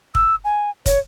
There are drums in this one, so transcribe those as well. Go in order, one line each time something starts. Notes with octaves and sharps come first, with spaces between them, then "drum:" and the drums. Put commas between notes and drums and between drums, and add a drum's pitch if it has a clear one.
E6, drum: kick
G#5
C#5, drum: kick, hi-hat